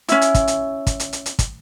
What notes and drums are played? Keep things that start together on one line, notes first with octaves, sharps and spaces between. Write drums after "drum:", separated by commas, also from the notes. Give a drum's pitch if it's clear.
C#4 E4, drum: hi-hat
drum: hi-hat
drum: kick, hi-hat
drum: hi-hat
drum: kick, hi-hat
drum: hi-hat
drum: hi-hat
drum: hi-hat
drum: kick, hi-hat